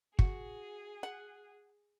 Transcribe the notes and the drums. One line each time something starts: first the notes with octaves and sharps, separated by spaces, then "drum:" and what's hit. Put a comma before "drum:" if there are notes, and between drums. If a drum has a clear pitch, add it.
F#4 G#4, drum: kick
F#5